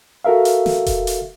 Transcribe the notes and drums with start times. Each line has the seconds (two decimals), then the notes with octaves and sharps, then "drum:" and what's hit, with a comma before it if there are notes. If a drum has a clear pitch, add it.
0.25 F#4 A4 A#4 E5 F5
0.45 drum: hi-hat
0.66 drum: snare
0.86 drum: kick E1, hi-hat
1.07 drum: hi-hat